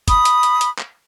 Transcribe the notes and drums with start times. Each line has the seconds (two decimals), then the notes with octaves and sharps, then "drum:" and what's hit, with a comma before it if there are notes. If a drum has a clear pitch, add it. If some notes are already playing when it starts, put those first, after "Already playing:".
0.08 B5 D#6, drum: kick F#1, hi-hat
0.25 drum: hi-hat
0.43 drum: hi-hat
0.61 drum: hi-hat
0.79 drum: clap